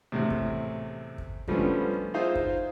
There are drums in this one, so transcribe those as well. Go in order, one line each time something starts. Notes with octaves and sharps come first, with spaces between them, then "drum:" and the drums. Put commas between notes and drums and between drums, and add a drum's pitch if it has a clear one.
E2 A2 C3
drum: kick
drum: kick
D3 F3 G3 A3 B3 C#4, drum: kick
D#4 F4 G#4 C5 E5
drum: kick